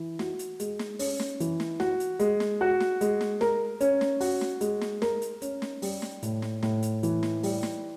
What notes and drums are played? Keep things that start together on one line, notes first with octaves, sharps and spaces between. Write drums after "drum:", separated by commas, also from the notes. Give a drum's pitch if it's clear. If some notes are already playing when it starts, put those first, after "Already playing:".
Already playing: E3
F#4, drum: snare
drum: hi-hat
G#3, drum: hi-hat
drum: snare
C#4, drum: open hi-hat
drum: snare
E3, drum: hi-hat
drum: snare
F#4, drum: snare
drum: hi-hat
G#3, drum: hi-hat
drum: snare
F#4
drum: snare
G#3, drum: hi-hat
drum: snare
A#4, drum: snare
C#4, drum: hi-hat
drum: snare
F#4, drum: open hi-hat
drum: snare
G#3, drum: hi-hat
drum: snare
A#4, drum: snare
drum: hi-hat
C#4, drum: hi-hat
drum: snare
G3, drum: open hi-hat
drum: snare
A2, drum: hi-hat
drum: snare
A2, drum: snare
drum: hi-hat
E3, drum: hi-hat
drum: snare
G3, drum: open hi-hat
drum: snare